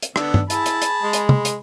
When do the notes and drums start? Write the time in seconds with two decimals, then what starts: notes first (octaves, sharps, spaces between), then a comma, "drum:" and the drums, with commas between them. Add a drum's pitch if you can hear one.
0.02 drum: hi-hat
0.16 D3 B3 D4 E6, drum: rim click
0.34 drum: tom G2
0.50 E4 G#4 A5 B5, drum: hi-hat
0.66 drum: hi-hat
0.82 drum: hi-hat
1.03 G#3
1.13 drum: hi-hat
1.29 drum: tom
1.45 drum: hi-hat